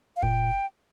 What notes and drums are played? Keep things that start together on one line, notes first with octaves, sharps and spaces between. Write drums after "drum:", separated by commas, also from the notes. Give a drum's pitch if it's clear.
F5
A#2 G5, drum: kick F#1